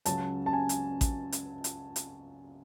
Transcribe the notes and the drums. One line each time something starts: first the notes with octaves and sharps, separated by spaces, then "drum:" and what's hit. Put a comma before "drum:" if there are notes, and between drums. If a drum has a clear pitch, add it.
C#2 C#3 F#3 A5, drum: hi-hat
A5
G#5
drum: hi-hat
drum: kick A1, hi-hat
drum: hi-hat
drum: hi-hat
drum: hi-hat